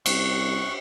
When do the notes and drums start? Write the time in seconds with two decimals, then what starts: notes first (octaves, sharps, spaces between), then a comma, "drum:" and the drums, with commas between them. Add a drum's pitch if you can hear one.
0.06 C2 C#6 F#6, drum: cymbal